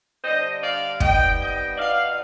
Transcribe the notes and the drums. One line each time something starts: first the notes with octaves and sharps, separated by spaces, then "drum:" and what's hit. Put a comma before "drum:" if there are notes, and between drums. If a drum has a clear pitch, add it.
D3 G3 D4 C5 D#5
D5 F5
C3 G3 B3 D#4 D#5 G5, drum: kick
D#5 G5
B2 B3 D#4 D5 F5